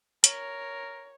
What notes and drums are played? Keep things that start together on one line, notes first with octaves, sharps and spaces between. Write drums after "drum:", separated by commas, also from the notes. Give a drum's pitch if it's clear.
A#4 C#5, drum: hi-hat